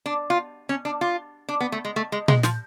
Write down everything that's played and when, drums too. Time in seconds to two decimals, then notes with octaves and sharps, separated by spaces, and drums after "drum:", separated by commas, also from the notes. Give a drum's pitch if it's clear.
0.06 D4
0.30 F4
0.69 C#4
0.85 D4
1.01 F4
1.49 D4
1.60 B3
1.72 A3
1.85 G#3
1.96 A3
2.12 G#3
2.28 G#3, drum: tom A#2
2.43 F3, drum: snare